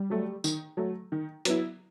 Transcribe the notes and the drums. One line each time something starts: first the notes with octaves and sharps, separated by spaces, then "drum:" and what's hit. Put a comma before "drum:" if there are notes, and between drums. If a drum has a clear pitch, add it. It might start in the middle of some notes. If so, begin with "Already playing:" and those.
Already playing: G3
F#3 A3
D#3, drum: tambourine
F#3 A3
D#3
F#3 B3 E4, drum: hi-hat